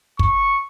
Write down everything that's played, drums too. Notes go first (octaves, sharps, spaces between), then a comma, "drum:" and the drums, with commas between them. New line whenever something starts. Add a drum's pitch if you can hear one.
C#6, drum: kick